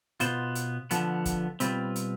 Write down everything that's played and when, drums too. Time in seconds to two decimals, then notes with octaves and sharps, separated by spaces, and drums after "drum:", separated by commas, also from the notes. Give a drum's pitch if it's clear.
0.20 B2 B3 F4 C5, drum: hi-hat
0.55 drum: hi-hat
0.91 D3 F3 B3, drum: hi-hat
1.26 drum: kick, hi-hat
1.60 B2 G3 C4 F4 B4, drum: hi-hat
1.96 drum: hi-hat